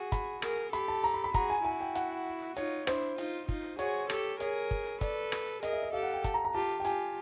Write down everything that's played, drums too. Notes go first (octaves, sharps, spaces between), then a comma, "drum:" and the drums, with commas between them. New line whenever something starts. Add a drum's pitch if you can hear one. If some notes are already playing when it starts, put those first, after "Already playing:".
Already playing: F#4 G#4
B5, drum: kick, hi-hat
G#4 A#4, drum: rim click
G4 A4 B5, drum: hi-hat
A5
A#5
B5
B5
F#4 G#4 A#5, drum: kick, hi-hat
G#5
E4 F#4 G#5
G5
F#5, drum: hi-hat
D#4 F4 C#5, drum: hi-hat
D4 E4 C5, drum: rim click
D#4 F4, drum: hi-hat
D#4 F4, drum: kick
F#4 G#4 C#5, drum: hi-hat
G4 A4, drum: rim click
G#4 A#4 C#5, drum: hi-hat
drum: kick
A4 B4 D5, drum: kick, hi-hat
drum: rim click
G#4 A#4 D#5, drum: hi-hat
E5
D#5
G4 A4 F5
F#5
G5
A5, drum: kick, hi-hat
A#5
A#5
F4 G4 A5
G5
F4 G4 G#5, drum: hi-hat